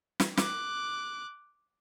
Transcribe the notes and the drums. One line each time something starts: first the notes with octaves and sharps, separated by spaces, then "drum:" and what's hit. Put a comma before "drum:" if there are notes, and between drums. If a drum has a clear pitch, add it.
drum: snare
D6 F#6, drum: snare